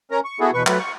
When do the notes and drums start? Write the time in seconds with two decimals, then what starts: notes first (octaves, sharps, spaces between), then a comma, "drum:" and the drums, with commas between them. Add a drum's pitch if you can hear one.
0.11 C#4 A#4 A#5
0.25 C#6
0.40 B3 E4 F#4 G#4 A4
0.54 E2 B2 B4 C#6
0.67 F#3 A3 B4, drum: clap
0.79 C#6